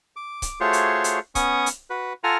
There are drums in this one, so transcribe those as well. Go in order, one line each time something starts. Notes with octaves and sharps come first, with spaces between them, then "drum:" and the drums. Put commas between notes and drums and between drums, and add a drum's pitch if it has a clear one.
D6
drum: kick C#1, hi-hat
A3 F4 F#4 G#4 C5 C#5
drum: hi-hat
drum: hi-hat
B3 C#4 C#6 D#6, drum: kick C#1, hi-hat
drum: hi-hat
F#4 B4
F4 A4 F#5 G#5 A#5 F6